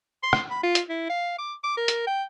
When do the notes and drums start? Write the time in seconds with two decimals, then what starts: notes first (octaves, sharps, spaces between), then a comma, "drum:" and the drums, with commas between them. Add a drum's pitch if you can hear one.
0.23 C6
0.33 drum: rim click
0.51 B5
0.63 F4
0.75 drum: hi-hat
0.89 E4
1.10 F5
1.39 D6
1.64 D6
1.77 A#4
1.88 drum: hi-hat
2.07 G5